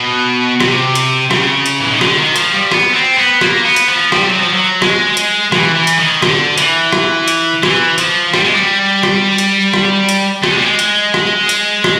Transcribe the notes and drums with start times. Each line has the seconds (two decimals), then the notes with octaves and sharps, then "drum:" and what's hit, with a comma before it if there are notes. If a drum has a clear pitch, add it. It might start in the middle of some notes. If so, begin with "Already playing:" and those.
Already playing: B2
0.60 C3, drum: rim click
0.95 drum: hi-hat
1.31 C#3, drum: rim click
1.66 drum: hi-hat
1.80 E3
1.91 D#3
2.01 D3, drum: rim click
2.18 D#3
2.36 F3, drum: hi-hat
2.53 G3
2.71 B3, drum: rim click
2.94 C4
3.18 B3
3.41 A#3, drum: rim click
3.65 B3
3.76 drum: hi-hat
3.88 F3
4.12 G3, drum: rim click
4.26 F#3
4.39 F3
4.53 F#3
4.82 G#3, drum: rim click
5.17 drum: hi-hat
5.52 E3, drum: rim click
5.75 E3
5.87 drum: hi-hat
5.99 D#3
6.22 D3, drum: rim click
6.58 E3, drum: hi-hat
6.92 drum: rim click
7.28 drum: hi-hat
7.63 E3, drum: rim click
7.98 F3, drum: hi-hat
8.34 G3, drum: rim click
8.44 G#3
8.55 G3
9.03 drum: rim click
9.38 drum: hi-hat
9.73 drum: rim click
10.09 drum: hi-hat
10.43 A3, drum: rim click
10.51 G#3
10.58 G3
10.66 G#3
10.79 drum: hi-hat
11.14 drum: rim click
11.49 drum: hi-hat
11.84 drum: rim click